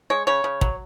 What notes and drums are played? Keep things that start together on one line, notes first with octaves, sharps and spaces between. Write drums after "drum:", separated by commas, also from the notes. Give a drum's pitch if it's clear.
G#3 C#5
C#3 C#5
C#3
F#3, drum: kick